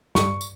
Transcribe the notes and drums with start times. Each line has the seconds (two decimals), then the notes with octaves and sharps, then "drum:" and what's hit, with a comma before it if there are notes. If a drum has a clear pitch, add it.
0.15 G2 C#6, drum: snare
0.41 drum: tambourine